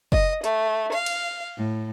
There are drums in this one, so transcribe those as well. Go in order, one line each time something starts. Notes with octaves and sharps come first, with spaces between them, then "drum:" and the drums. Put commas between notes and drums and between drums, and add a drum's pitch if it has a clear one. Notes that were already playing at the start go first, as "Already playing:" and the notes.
D#5, drum: kick
A3, drum: hi-hat
F5
drum: cymbal
A2